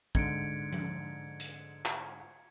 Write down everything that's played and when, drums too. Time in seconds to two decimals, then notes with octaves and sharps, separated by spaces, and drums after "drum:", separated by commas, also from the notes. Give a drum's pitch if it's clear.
0.15 G#2 D3 G#6 C#7 D7, drum: kick
0.73 drum: tom F3
1.40 drum: hi-hat
1.85 drum: clap